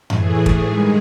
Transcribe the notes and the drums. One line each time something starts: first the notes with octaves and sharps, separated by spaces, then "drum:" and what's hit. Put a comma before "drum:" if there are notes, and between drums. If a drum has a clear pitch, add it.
A2 E3 A3 G#4, drum: tom F#2
drum: kick
G2 D#3 G#3